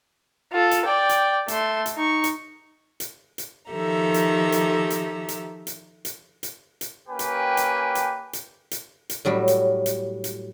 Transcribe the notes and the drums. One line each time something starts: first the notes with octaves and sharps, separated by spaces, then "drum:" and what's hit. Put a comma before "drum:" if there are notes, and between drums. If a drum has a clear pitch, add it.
F4 A4
drum: hi-hat
D5 G5
drum: hi-hat
A3 C6, drum: hi-hat
drum: hi-hat
D#4 C#6
drum: hi-hat
drum: hi-hat
drum: hi-hat
D#3 F3 G4 A4 E5 A#5
drum: hi-hat
drum: hi-hat
drum: hi-hat
drum: hi-hat
drum: hi-hat
drum: hi-hat
drum: hi-hat
drum: hi-hat
A#3 C#4 G4 B4 G5 G#5
drum: hi-hat
drum: hi-hat
drum: hi-hat
drum: hi-hat
drum: hi-hat
drum: hi-hat
A2 F#3 G3
drum: hi-hat
drum: hi-hat
drum: hi-hat